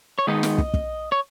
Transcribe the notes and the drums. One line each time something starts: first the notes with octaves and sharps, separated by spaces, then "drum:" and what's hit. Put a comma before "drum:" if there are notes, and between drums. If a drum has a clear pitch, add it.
C#5
D#3 G#3 B3 D#4 D#5
drum: snare
drum: kick
drum: kick
C#5